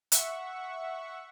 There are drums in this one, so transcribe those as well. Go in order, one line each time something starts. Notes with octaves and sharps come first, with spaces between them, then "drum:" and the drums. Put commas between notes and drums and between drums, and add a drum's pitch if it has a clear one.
E5 F#5 C#6, drum: hi-hat